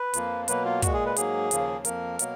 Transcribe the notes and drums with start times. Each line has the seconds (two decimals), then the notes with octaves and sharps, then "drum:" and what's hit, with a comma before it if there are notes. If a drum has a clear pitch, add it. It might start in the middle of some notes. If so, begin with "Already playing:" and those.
Already playing: B4
0.14 F2 F3 A#3, drum: hi-hat
0.48 B2 F#3 A#3 B4, drum: hi-hat
0.65 F4
0.82 A#2 G#3 F#4, drum: kick, hi-hat
0.94 G#4
1.05 B4
1.16 G#2 F#3 A#3 G#4, drum: hi-hat
1.51 D#2 C#3 F3 A#3, drum: hi-hat
1.85 F2 F3 A#3 A#4, drum: hi-hat
2.19 B2 F#3 A#3, drum: hi-hat